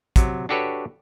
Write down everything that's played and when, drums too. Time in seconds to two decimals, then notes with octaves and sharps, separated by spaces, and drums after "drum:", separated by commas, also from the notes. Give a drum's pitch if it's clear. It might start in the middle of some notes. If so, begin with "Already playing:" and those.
0.16 C3 F#3, drum: kick, hi-hat
0.49 D4 F#4 G4 A4 B4 C#5